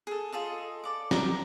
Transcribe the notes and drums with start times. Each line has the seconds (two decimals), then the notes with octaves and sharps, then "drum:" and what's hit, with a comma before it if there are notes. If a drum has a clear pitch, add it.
0.07 G#4 A4
0.32 F4 G#4 A4 D#5
0.84 A4 D5 D6
1.11 G4 A#4 A#5, drum: snare